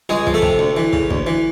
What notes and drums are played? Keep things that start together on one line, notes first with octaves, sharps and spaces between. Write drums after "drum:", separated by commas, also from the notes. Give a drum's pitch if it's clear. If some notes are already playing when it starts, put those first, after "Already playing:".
C#2 G#3 G#4
F3, drum: kick
A3 A4
C3, drum: kick
D2
E3
C#3, drum: kick
D2, drum: kick
E3